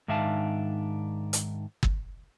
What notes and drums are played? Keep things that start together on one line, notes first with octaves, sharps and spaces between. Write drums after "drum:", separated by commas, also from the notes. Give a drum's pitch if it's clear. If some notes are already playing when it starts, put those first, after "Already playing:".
G#2 D#3 D4 E5 F5 A5
drum: hi-hat
drum: kick